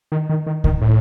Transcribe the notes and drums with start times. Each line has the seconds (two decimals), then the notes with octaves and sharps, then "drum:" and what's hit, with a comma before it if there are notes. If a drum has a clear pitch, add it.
0.12 D#3
0.29 D#3
0.47 D#3
0.64 D#3, drum: kick C#2
0.81 A2